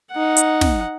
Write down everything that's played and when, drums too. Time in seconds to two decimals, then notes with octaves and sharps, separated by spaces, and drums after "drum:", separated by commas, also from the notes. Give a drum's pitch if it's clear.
0.12 D#4 F#5
0.37 drum: hi-hat
0.61 drum: snare